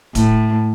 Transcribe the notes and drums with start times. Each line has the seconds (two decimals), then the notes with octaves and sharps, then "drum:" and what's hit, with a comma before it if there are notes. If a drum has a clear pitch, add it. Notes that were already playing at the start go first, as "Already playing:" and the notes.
0.15 A2, drum: kick D1, hi-hat